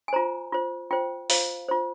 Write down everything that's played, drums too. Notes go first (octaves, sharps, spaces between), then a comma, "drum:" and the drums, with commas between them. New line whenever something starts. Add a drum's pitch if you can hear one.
G#5
F4 C5 A#5
F4 C5
F4 C5 G5
F4 C5 F5, drum: open hi-hat
F4 C5